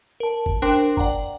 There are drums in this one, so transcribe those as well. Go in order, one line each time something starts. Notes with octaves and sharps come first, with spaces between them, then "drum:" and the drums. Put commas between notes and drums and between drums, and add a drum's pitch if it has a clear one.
A#4 A5
drum: kick
D4 A#4 C5 G5 C6 D6
D5 F#5 G5 A#5, drum: kick